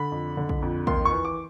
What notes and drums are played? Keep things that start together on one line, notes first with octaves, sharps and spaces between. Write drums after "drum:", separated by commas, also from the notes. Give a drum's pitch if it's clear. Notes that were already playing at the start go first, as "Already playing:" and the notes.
Already playing: D3 B5
F2
D3
drum: kick
F2
D#2 C6, drum: kick
C#6
E3
D6